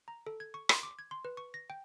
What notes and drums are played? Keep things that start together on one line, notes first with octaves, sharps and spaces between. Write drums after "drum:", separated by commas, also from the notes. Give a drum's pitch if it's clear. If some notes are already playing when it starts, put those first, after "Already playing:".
A#5
A4
G#6
C#6
C6, drum: rim click
D6
G#6
C6
B4
C#6
A#6
G5